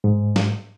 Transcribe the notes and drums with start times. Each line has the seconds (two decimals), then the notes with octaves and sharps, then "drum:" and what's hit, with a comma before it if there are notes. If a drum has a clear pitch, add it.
0.04 G#2
0.36 drum: snare